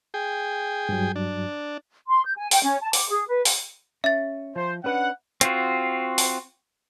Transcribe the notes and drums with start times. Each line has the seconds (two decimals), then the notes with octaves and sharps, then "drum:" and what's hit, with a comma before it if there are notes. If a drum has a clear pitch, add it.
0.14 G#4 G5
0.89 G2 F#3
1.16 D4
2.08 C6
2.25 G6
2.36 G#5
2.51 G5, drum: open hi-hat
2.63 C#4
2.81 A5
2.93 D6, drum: open hi-hat
3.09 G#4
3.28 B4
3.45 drum: open hi-hat
4.04 C#4 E5 A6
4.56 F3 C5
4.84 C#4 D4 B4 F#5
5.41 C4 F4 F#4, drum: hi-hat
6.18 drum: open hi-hat